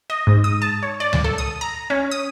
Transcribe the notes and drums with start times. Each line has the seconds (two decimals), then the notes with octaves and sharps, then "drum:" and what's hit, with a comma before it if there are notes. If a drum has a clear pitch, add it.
0.10 D#5
0.27 G#2
0.44 D#6
0.62 A5
0.83 C#5
1.00 D5
1.13 drum: tom C#2
1.24 A4
1.38 D#6
1.61 A#5
1.90 C#4
2.11 D#6